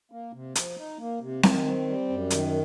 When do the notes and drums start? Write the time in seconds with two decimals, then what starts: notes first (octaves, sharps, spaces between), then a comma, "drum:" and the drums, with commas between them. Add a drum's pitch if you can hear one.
0.12 A#3
0.33 C3
0.55 F3, drum: hi-hat
0.77 D#4
0.99 A#3
1.21 C3
1.43 D#3, drum: snare C4
1.65 C4
1.87 G3
2.09 F#2
2.30 D#3, drum: hi-hat